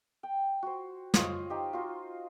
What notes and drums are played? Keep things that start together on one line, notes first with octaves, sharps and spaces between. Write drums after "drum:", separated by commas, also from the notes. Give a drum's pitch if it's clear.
G5
F#4 C5
F4 C5 C#5 D#5, drum: snare
D#4 G4 D#5
F4 F#4 C5